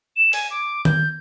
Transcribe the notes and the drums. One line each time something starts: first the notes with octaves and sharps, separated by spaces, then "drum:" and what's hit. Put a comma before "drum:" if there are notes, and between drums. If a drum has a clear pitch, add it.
E7
G#5, drum: open hi-hat
D6
G6, drum: tom D#3